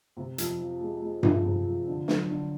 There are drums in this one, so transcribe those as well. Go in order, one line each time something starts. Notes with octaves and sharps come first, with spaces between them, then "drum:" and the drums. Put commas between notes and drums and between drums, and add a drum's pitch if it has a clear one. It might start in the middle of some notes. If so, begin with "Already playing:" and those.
C3
F2, drum: hi-hat
F3
G#3
G#3
F3, drum: tom G2
C3
F3
D3
F#3, drum: snare
D3